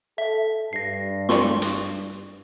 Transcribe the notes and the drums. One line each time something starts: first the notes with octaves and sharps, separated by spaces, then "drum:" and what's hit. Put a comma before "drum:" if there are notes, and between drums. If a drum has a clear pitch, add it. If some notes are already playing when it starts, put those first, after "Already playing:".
A4 E5
G2 A#6 C7
C6 C#6, drum: snare
drum: hi-hat